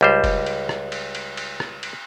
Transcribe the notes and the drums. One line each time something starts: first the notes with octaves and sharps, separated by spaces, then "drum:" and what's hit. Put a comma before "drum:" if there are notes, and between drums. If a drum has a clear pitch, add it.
C#2 G3 C5
drum: kick F1, cymbal
drum: cymbal
drum: rim click
drum: cymbal
drum: cymbal
drum: cymbal
drum: rim click
drum: cymbal